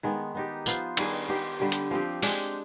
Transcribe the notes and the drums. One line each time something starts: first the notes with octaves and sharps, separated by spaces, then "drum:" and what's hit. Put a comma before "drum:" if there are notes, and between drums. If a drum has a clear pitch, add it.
D#3 G#3 B3
B3 D#4 G4
F3 B3 F4 C5, drum: tambourine
D#3 G3 D4 G#4, drum: cymbal
B3 D#4 G4 C5
D3 G3 D4 G4
drum: hi-hat
F3 C4 G4
G#3 D4 G4, drum: open hi-hat